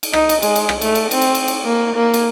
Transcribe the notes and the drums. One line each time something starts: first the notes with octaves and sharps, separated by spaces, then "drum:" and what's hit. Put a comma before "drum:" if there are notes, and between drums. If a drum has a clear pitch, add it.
drum: cymbal
D#4, drum: rim click
drum: cymbal
G#3, drum: cymbal
drum: cymbal
drum: rim click
A3, drum: cymbal
drum: cymbal
C4, drum: cymbal
drum: cymbal
drum: cymbal
drum: cymbal
A#3
A#3
drum: cymbal